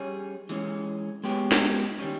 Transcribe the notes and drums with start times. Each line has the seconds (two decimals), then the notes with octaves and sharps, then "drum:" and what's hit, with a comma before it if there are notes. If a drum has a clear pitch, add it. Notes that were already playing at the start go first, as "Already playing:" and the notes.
Already playing: G3 C#4 G#4 C#5
0.49 E3 G#3 C#4, drum: hi-hat
1.24 G#3 B3 G4 C#5
1.52 drum: snare
1.99 D#3 G3 C#4